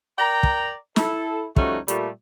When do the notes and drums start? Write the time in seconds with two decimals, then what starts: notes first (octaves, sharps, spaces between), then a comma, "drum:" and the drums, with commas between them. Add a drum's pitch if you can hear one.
0.19 A#4 D5 G5 A#5
0.43 drum: kick
0.96 E4 A4, drum: snare
1.56 F3 G3 A3 C#4 D#4 F#4, drum: kick
1.88 A#2 G3 A3, drum: hi-hat